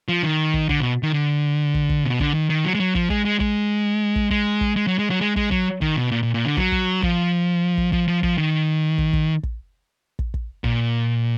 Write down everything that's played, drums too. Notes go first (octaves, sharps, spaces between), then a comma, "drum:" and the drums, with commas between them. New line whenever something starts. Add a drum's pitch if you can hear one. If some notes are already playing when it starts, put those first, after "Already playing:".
F3
D#3
drum: kick
D3, drum: kick
B2
D#3
D3
drum: kick
drum: kick
B2
D3, drum: kick
D#3
D#3
F#3
G#3
F#3
F3, drum: kick
G#3, drum: kick
G#3
G#3, drum: kick
drum: kick
G#3, drum: kick
drum: kick
G#3
F#3
G#3
F#3
G#3
G#3, drum: kick
F#3, drum: kick
D#3, drum: kick
B2
A#2
A#2
A#2
D3
F#3, drum: kick
drum: kick
F3, drum: kick
drum: kick
F3, drum: kick
F3
F3, drum: kick
D#3
drum: kick
drum: kick
drum: kick
drum: kick
drum: kick
A#2, drum: kick